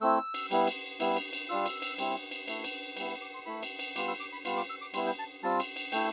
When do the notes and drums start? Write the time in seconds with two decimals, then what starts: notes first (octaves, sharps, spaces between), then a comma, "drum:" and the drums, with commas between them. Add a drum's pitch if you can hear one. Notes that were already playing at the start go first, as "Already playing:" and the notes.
0.01 A3 C4 E4 E6
0.34 drum: cymbal
0.51 G3 B3 E4, drum: cymbal
0.67 drum: cymbal
1.00 G3 B3 E4, drum: cymbal
1.16 drum: cymbal
1.33 drum: cymbal
1.49 G3 D4 F4 E6
1.66 drum: cymbal
1.82 drum: cymbal
1.98 G3 C4 E4, drum: cymbal
2.31 drum: cymbal
2.48 A3 E4, drum: cymbal
2.64 drum: cymbal
2.97 G3 B3 E4, drum: cymbal
3.22 D6
3.34 C6
3.46 A3 E4 B5
3.63 drum: cymbal
3.79 drum: cymbal
3.96 G3 B3 F4 D6, drum: cymbal
4.08 E6
4.20 D6
4.33 B5
4.45 G3 B3 F4 C6, drum: cymbal
4.57 D6
4.70 E6
4.81 D6
4.94 G3 B3 E4 C6, drum: cymbal
5.06 G5
5.19 A5
5.43 G3 C4 F4 A5
5.60 drum: cymbal
5.76 drum: cymbal
5.92 A3 E4 G5, drum: cymbal